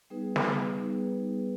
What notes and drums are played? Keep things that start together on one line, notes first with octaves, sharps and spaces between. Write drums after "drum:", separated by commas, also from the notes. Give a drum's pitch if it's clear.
G3 B3 D#4 G#4 B4
drum: snare
G3 B3 D#4 G#4 B4